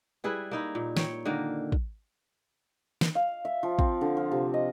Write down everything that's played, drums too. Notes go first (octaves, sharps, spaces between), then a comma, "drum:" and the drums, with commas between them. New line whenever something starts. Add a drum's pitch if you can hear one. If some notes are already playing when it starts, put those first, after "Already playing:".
G3 E4 G#4 B4
A#3 D#4 E4
A#2
C#5 G5, drum: snare
D3 D#3 A#3
drum: kick
drum: snare
F5
E5
F3
C4, drum: kick
D3
F3
C3
D#5